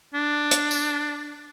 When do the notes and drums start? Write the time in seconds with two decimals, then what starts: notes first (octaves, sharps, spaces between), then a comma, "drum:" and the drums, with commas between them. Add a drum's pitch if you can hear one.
0.14 D4
0.51 drum: hi-hat
0.71 drum: tambourine